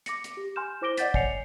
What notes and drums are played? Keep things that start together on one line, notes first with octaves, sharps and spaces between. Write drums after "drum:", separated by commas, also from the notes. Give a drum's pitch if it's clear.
D6 A#6 C#7, drum: hi-hat
drum: hi-hat
G4
G#5 C6 F6 G6 E7
E4 C5 D6 A#6 D7 G7
D5 D#5 F#5 G6 A6 B6, drum: hi-hat
C#5 G#5 C7 C#7 F7, drum: kick